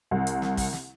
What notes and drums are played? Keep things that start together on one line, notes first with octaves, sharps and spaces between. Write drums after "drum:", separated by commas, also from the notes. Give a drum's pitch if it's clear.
C2
drum: hi-hat
drum: snare
drum: kick, open hi-hat
drum: snare